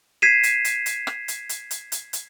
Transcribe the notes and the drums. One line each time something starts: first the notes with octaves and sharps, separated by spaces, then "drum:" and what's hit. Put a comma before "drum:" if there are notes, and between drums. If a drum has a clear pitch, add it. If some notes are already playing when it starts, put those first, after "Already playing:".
G#6 B6 C7 D#7 E7
drum: hi-hat
drum: hi-hat
drum: hi-hat
drum: rim click
drum: hi-hat
drum: hi-hat
drum: hi-hat
drum: hi-hat
drum: hi-hat